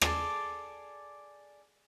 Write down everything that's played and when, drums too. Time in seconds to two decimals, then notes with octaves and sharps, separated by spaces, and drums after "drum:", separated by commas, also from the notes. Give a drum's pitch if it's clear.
0.01 G#4 A4 D5, drum: rim click